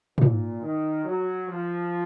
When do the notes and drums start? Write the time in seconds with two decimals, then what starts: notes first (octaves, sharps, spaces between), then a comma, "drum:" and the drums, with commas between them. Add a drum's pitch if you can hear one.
0.18 A#2, drum: tom G#2
0.61 D#3
1.04 F#3
1.48 F3